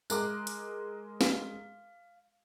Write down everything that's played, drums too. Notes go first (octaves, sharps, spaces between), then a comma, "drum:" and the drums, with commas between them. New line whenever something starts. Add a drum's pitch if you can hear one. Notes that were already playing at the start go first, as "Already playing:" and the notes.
G#3 A#4 D6 F#6, drum: tambourine
drum: hi-hat
F5, drum: snare